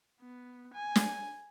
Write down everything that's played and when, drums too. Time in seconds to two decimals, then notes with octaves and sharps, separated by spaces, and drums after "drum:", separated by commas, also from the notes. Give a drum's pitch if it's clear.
0.21 B3
0.74 G#5
0.96 drum: snare